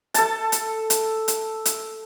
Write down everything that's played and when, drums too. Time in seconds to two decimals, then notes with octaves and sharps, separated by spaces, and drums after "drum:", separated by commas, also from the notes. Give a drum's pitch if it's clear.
0.14 A4 A5, drum: hi-hat
0.52 drum: hi-hat
0.90 drum: hi-hat
1.28 drum: hi-hat
1.65 drum: hi-hat